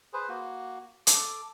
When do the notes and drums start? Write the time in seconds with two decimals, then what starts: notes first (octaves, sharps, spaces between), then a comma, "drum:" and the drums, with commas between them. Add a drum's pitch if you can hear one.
0.13 G#4 B4 C5
0.29 A#3 F#4
1.07 A4 D6, drum: hi-hat